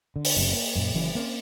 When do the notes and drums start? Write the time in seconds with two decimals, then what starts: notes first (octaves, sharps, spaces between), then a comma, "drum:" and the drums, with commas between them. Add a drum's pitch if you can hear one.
0.16 D3
0.25 drum: open hi-hat
0.36 F#1 F#2 C3
0.53 A#3
0.76 F#2 A#2
0.94 F#1 F#2 E3 C#4
1.15 A#3 C4 C#4